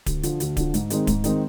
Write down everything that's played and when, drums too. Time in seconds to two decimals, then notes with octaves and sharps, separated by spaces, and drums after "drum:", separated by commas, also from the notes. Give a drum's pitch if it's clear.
0.06 D2, drum: kick D1, hi-hat
0.23 D3 F3, drum: hi-hat
0.40 D2, drum: hi-hat
0.57 D3 F3, drum: kick D1, hi-hat
0.74 G#2, drum: hi-hat
0.90 D#3 G#3 C4 D#4, drum: hi-hat
1.07 G#2, drum: kick D1, hi-hat
1.24 D#3 G#3 C4 D#4, drum: hi-hat